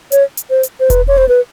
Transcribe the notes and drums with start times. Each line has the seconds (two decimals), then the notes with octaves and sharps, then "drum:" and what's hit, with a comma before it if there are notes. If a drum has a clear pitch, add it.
0.12 C#5, drum: hi-hat
0.37 drum: hi-hat
0.50 C5
0.63 drum: hi-hat
0.80 C5
0.90 B4, drum: kick E1, hi-hat
1.08 C#5
1.18 C5
1.29 B4